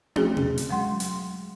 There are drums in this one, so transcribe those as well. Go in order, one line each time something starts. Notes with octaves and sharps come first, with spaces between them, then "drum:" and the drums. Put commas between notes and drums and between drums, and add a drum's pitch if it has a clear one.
A3 C#4 F#4 G#4, drum: tom
drum: tom B2
drum: hi-hat
F#3 G#3 F#5 C6
drum: hi-hat